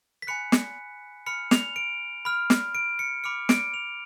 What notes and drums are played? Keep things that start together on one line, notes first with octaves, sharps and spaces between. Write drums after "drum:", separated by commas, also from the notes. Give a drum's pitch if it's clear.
B6
G#5 B5 F#6 C#7
drum: snare
B5 F6 C#7
F7, drum: snare
D7
B5 F6
drum: snare
D7
C#7
B5 D6 F6 C#7
D7, drum: snare
F7